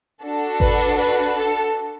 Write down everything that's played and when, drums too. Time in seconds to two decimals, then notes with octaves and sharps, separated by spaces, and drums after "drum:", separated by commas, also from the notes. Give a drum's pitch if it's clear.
0.23 D4 F#4 A4
0.60 B4, drum: kick G#1
0.98 B4
1.35 A4